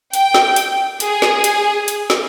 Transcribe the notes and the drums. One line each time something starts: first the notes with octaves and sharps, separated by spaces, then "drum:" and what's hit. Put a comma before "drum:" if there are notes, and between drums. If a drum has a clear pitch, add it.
G5, drum: hi-hat
drum: snare
drum: hi-hat
G#4, drum: hi-hat
drum: snare
drum: hi-hat
drum: hi-hat
drum: snare